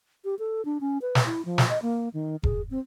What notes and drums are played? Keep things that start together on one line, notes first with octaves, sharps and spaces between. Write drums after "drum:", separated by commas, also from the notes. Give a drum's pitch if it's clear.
G4
A4
D4
C#4
B4
drum: snare
E4
F3
drum: snare
D#5
A#3
D#3
G#4, drum: kick E1
C4